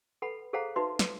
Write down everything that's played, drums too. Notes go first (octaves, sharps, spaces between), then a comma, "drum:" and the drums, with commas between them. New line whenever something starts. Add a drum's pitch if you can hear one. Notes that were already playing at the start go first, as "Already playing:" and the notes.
A4 B4 F#5 B5
G#4 A4 C5 F5 F#5 A#5
D#4 F#4 B4 E5 C6
drum: snare